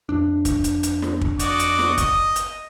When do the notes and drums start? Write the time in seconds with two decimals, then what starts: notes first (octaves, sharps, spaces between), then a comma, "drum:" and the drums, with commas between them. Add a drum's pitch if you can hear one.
0.09 F2 D4
0.45 drum: kick, hi-hat
0.64 drum: hi-hat
0.83 drum: hi-hat
1.02 drum: snare
1.21 drum: kick
1.39 F#4 D5 D#5, drum: hi-hat
1.59 drum: hi-hat
1.79 drum: snare
1.98 D#5, drum: kick, hi-hat
2.36 drum: hi-hat